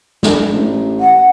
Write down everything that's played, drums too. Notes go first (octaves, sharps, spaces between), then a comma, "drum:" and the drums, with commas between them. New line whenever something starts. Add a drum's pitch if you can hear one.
D3, drum: snare
A1
F#5